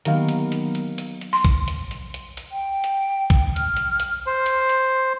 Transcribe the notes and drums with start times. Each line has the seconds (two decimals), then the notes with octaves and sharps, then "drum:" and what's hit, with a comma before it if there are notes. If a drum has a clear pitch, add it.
0.05 D#3 F#3 A#3 B3 G4 F5, drum: hi-hat
0.29 drum: hi-hat
0.52 drum: hi-hat
0.75 drum: hi-hat
0.98 drum: hi-hat
1.21 drum: hi-hat
1.33 C6
1.45 drum: kick B1, hi-hat
1.68 drum: hi-hat
1.91 drum: hi-hat
2.14 drum: hi-hat
2.37 drum: hi-hat
2.52 G5
2.84 drum: hi-hat
3.30 drum: kick B1, hi-hat
3.56 F6, drum: hi-hat
3.76 drum: hi-hat
4.00 drum: hi-hat
4.26 C5
4.46 drum: hi-hat
4.69 drum: hi-hat